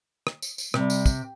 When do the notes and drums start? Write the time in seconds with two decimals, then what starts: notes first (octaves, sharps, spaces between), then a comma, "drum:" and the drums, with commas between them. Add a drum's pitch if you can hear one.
0.27 drum: rim click
0.42 drum: tambourine
0.58 drum: tambourine
0.74 C3 G3, drum: rim click
0.90 drum: tambourine
1.06 drum: kick, tambourine